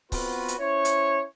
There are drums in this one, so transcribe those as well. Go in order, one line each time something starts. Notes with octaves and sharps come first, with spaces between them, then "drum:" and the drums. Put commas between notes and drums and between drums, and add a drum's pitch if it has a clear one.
B3 C4 F4 F#4 B4, drum: kick C#1, open hi-hat
drum: hi-hat
C#4 E4 C5 C#5
drum: hi-hat